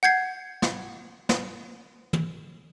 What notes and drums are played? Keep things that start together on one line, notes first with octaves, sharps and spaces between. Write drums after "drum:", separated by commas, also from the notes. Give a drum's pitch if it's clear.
F#5 G6 G#6 C7
drum: snare
drum: snare
drum: tom